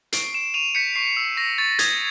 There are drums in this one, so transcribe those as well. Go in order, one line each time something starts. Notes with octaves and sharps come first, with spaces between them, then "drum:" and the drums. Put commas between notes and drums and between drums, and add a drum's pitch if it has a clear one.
C#6 C7 D7, drum: hi-hat
C#6 D7 E7
C#6 D#7 F7
G6 B6 C#7
C#6 C7
E6
C#6 A#6
C#6 A6
D#6 G#6, drum: hi-hat